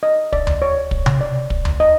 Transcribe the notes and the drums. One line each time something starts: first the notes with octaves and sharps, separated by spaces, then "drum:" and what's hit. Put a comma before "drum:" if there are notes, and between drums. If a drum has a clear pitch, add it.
D#5
D5, drum: kick
drum: tom D2
C#5
drum: kick
drum: tom C3
D5
drum: kick
drum: tom D2
D#5